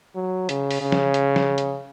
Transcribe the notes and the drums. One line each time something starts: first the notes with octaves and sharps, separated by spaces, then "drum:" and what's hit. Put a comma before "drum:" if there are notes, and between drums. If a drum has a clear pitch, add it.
F#3
C#3, drum: hi-hat
drum: open hi-hat
C#3
drum: snare
drum: hi-hat
drum: snare
drum: hi-hat